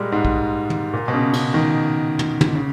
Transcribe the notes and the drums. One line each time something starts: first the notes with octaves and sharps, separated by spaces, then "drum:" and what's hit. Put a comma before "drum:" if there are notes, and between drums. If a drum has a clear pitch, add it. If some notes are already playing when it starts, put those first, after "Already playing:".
Already playing: A#2 G3 G#3
G#2
drum: kick
drum: tom
A#2
B2
C#3
C#3, drum: cymbal
D#3
drum: tom
drum: tom
C#3